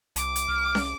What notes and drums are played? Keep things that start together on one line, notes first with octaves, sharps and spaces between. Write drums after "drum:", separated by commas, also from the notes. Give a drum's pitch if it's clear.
C2 D6, drum: hi-hat
drum: hi-hat
C2 F6
drum: snare C#4